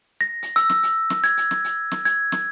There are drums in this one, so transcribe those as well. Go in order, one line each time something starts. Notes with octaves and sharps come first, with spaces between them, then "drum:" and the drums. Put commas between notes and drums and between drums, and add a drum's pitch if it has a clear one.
A#6
drum: hi-hat
E6, drum: hi-hat
drum: snare
drum: hi-hat
drum: snare
G#6, drum: hi-hat
drum: hi-hat
drum: snare
drum: hi-hat
drum: snare
G#6, drum: hi-hat
drum: snare